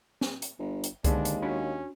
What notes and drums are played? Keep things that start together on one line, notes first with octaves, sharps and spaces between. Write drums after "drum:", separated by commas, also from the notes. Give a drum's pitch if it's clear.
drum: snare
drum: hi-hat
G1
drum: hi-hat
D#2 D3 G#3 B3 D4, drum: kick C2, hi-hat
drum: hi-hat
C#4 D4 F#4 B5